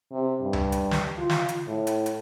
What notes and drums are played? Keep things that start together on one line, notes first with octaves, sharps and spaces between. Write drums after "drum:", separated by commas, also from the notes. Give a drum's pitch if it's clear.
C3
G2
drum: tom C#2
drum: hi-hat
drum: snare
F4
drum: snare
drum: hi-hat
A2
drum: hi-hat
drum: hi-hat